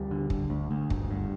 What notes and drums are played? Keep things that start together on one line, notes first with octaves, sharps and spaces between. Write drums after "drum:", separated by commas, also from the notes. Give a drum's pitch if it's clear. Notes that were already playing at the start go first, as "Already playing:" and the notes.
Already playing: D2 G3
D3
D3, drum: kick
D2
D2
G1, drum: kick
G2